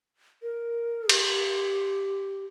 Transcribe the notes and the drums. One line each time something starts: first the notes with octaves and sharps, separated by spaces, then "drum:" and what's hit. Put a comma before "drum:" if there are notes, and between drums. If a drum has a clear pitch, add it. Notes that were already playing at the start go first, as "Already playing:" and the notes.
A#4
G4, drum: cymbal